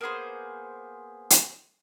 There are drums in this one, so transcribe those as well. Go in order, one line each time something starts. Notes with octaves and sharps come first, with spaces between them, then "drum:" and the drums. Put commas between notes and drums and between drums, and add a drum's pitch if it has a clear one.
A#3 B3 G#4 C5
drum: hi-hat